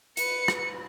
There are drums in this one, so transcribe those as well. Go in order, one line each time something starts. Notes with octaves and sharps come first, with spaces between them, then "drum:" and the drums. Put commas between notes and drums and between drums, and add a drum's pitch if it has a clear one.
B4 C#7, drum: hi-hat
drum: rim click